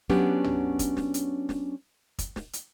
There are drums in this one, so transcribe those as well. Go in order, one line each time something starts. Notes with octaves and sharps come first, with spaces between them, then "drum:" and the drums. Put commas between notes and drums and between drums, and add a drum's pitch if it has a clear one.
F#3 B3 C#4 D4 G4, drum: snare
drum: tom
drum: kick, hi-hat
drum: snare
drum: hi-hat
drum: snare
drum: kick, hi-hat
drum: snare
drum: hi-hat